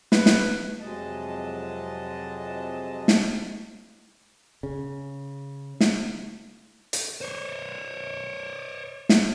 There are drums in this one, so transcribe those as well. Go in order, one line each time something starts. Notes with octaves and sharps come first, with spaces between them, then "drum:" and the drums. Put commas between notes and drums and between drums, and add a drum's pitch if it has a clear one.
B4, drum: snare
drum: snare
F2 C3 F#3 G#3 D#5 A5
drum: snare
C#3
drum: snare
drum: hi-hat
C5 C#5
drum: snare